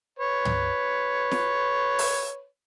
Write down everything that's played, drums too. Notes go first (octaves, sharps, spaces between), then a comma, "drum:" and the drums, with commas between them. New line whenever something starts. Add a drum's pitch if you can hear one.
B4 C#5
drum: tom
drum: snare
drum: open hi-hat